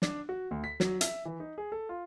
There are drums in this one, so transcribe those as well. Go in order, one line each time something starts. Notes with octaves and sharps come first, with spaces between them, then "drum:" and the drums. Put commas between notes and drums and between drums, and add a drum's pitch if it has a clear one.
D4, drum: snare
F#4
D2
B6
F#3, drum: snare
E5, drum: hi-hat
E3
D#4
G#4
A4
F4